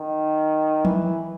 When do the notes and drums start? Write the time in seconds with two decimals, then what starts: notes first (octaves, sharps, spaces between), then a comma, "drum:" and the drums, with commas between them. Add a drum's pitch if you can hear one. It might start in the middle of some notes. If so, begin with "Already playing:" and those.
Already playing: D#3
0.85 E3, drum: tom F3